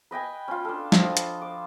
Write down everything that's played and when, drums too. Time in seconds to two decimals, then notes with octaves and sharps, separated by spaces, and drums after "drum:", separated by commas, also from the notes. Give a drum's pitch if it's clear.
0.11 B4 D#5 G5 G#5
0.48 C#4 F4
0.65 D4 A4
0.92 F3 D4 D#5, drum: snare
1.17 drum: hi-hat
1.41 D6